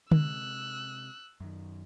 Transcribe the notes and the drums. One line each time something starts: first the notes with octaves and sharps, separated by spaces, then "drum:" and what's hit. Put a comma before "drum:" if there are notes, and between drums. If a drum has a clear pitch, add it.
C3 G#3 E6 F#6, drum: tom D3
F#2 D#3